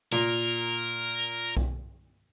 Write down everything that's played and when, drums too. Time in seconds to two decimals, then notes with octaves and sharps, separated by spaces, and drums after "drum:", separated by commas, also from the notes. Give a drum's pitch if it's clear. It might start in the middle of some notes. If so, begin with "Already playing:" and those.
0.12 A#2 A#4, drum: tambourine
1.57 drum: kick B1